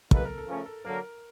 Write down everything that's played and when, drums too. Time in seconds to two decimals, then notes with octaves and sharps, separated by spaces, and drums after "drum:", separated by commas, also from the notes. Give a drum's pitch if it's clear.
0.11 A#3 D#4 G4 A4 B4, drum: kick
0.25 A#4
0.38 A4
0.48 C#3 F3 A3 C#4 A#4
0.66 A4
0.85 D3 F#3 A#3 A#4